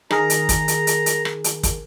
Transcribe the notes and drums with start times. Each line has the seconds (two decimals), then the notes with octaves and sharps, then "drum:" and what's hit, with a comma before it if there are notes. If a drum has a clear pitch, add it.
0.11 D#3 G#4 A#4 A#5, drum: rim click
0.30 drum: hi-hat
0.49 drum: kick, hi-hat
0.68 drum: hi-hat
0.87 drum: hi-hat
1.06 drum: hi-hat
1.25 drum: rim click
1.44 drum: hi-hat
1.63 drum: kick, hi-hat